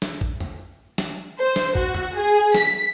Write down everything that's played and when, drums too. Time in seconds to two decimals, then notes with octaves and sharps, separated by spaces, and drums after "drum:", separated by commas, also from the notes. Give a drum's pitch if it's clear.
0.02 drum: snare
0.21 drum: kick
0.40 drum: tom
0.98 drum: snare
1.39 C5
1.56 drum: snare
1.75 F#4, drum: kick
1.95 drum: tom
2.16 G#4
2.54 B6, drum: snare